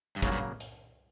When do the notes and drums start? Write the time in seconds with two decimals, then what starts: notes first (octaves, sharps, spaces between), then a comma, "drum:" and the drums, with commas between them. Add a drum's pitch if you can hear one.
0.16 G2
0.22 G#2 C#3 F#3 A#3, drum: kick, hi-hat
0.32 G2
0.60 drum: hi-hat